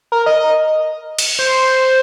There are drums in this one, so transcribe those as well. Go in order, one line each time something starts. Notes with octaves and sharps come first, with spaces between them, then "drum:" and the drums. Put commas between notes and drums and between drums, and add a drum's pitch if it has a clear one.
A#4
D#5
D#5
drum: cymbal
C5